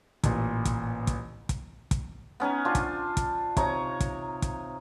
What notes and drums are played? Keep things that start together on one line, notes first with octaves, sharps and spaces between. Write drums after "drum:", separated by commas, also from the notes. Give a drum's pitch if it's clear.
A1 A#2, drum: kick, hi-hat
drum: kick, hi-hat
drum: kick, hi-hat
drum: kick, hi-hat
drum: kick, hi-hat
B3 C#4 D#4 G#5
D4 F4 C5
drum: kick, hi-hat
drum: kick, hi-hat
C3 D#4 C#5 A#5, drum: kick, hi-hat
drum: kick, hi-hat
drum: kick, hi-hat